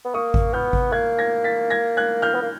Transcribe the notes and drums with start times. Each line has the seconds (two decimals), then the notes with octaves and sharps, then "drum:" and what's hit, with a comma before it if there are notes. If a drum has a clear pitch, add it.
0.05 B3
0.14 A#3 C#6 D#6
0.34 drum: kick G#1
0.53 B3 F6 G6
0.73 drum: kick G#1
0.92 A#3 F#6 G#6
1.19 G#6 A#6
1.44 A6 B6
1.70 G#6 A#6
1.97 F#6 G#6
2.22 F6 G6
2.34 B3
2.42 A#3